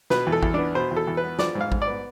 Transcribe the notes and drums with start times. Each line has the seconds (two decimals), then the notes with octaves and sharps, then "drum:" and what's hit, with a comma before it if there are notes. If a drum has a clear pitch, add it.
0.10 B2 B4, drum: snare
0.27 E2
0.32 A4
0.43 E2, drum: kick A1
0.54 B3 D4
0.75 B2 C5
0.91 E2
0.97 A4
1.07 E2
1.17 B4
1.24 B3
1.39 F3 D5, drum: snare
1.55 G#2
1.61 F5
1.72 G#2, drum: kick A1
1.82 D5
1.87 B3